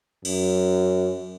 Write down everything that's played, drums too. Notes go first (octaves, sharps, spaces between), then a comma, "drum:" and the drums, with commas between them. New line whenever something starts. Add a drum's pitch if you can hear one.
F#2, drum: cymbal